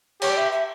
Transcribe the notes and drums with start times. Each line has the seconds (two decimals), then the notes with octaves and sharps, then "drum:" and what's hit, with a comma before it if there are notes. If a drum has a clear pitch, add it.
0.22 G4 C#5, drum: cymbal
0.30 D5
0.37 E5
0.52 E5